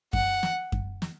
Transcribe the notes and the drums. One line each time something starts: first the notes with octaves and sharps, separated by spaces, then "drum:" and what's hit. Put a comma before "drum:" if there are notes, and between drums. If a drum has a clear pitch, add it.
F#5, drum: kick F#2
drum: snare
drum: kick F#2
drum: snare